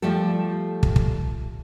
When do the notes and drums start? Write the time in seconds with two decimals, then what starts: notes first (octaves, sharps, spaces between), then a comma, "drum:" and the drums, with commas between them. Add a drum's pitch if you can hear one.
0.02 F3 G3 A3 G4 A4
0.83 drum: kick
0.96 drum: kick